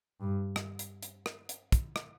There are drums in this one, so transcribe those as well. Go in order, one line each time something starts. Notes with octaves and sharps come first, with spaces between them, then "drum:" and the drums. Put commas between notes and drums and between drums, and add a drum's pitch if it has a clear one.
G2
drum: rim click
drum: hi-hat
drum: hi-hat
drum: rim click
drum: hi-hat
drum: kick, hi-hat
drum: rim click